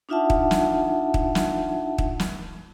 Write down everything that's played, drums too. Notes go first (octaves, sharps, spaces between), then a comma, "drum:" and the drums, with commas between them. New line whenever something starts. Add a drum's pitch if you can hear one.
D4 D#4 F4 E5 F#5 A5
drum: kick
drum: snare
drum: kick
drum: snare
drum: kick
drum: snare